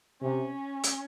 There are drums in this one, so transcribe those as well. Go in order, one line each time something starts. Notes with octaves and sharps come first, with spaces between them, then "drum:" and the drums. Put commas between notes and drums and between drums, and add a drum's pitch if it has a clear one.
C3 C#4
drum: hi-hat